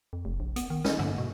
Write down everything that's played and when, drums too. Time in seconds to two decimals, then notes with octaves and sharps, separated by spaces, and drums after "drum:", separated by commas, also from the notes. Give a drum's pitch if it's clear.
0.13 F2
0.25 F1
0.40 A#1
0.56 B3, drum: hi-hat
0.70 D#3
0.85 C#4, drum: snare
0.99 D3, drum: tom G2
1.18 B2